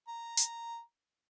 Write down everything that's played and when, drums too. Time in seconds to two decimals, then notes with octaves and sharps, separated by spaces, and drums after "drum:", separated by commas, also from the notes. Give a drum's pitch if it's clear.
0.08 A#5
0.37 drum: hi-hat